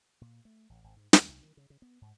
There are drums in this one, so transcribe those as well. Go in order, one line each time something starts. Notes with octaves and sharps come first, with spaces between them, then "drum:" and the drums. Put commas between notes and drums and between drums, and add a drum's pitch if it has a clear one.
A#2
A3
A1
G#1
G#2
D#2, drum: snare
C2
D#3
C#3
C#3
B3
G#2